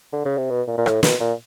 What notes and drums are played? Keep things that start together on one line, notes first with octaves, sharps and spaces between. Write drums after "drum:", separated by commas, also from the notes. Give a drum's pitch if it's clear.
D3
C#3
C3
B2
A#2
A#2
A2, drum: rim click
B2, drum: snare
A#2